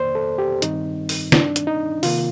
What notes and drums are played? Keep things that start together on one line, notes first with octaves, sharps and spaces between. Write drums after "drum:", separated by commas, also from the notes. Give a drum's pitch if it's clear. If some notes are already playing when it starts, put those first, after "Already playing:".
Already playing: F2 D#3 A#3 C5 D5
A4
G4
G2 D#3 G3 C4 D#4, drum: hi-hat
drum: open hi-hat
D4, drum: snare
drum: hi-hat
D#4
C3 D#3 A#3 F4, drum: open hi-hat